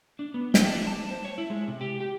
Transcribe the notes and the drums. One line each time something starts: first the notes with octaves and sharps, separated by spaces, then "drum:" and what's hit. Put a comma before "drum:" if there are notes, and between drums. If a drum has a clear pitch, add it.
D4
B3
G5, drum: snare
D4
A5
C5
C#5
E4
G#3
C3
G4
G4